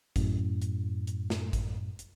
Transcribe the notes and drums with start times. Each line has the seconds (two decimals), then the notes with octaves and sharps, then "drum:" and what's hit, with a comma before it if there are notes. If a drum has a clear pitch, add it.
0.16 F#2 A2, drum: kick G#1, hi-hat
0.62 drum: hi-hat
1.07 drum: hi-hat
1.30 drum: snare
1.53 drum: kick G#1, hi-hat
1.99 drum: hi-hat